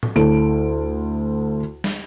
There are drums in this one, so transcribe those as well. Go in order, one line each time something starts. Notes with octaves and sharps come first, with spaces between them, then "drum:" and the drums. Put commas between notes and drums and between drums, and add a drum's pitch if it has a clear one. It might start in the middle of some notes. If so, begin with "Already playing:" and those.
drum: tom A2
D2 E4 A4 D7
drum: snare